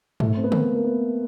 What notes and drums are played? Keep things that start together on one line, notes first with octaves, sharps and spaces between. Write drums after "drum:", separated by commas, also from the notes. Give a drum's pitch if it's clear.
A3, drum: tom G#2
C4
B3
A#3, drum: tom D3
A#3
B3